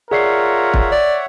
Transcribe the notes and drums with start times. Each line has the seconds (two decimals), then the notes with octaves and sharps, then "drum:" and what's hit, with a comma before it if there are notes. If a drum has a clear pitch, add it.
0.11 F4 G#4 A#4 C#5 D5 E5 F#5 C7
0.74 drum: kick
0.92 D5